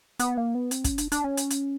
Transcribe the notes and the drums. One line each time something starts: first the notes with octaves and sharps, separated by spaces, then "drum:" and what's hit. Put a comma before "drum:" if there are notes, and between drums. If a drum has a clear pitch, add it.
B3, drum: hi-hat
A#3
B3
C4, drum: hi-hat
C#4, drum: kick, hi-hat
D4, drum: hi-hat
D4, drum: hi-hat
C#4
drum: hi-hat
drum: hi-hat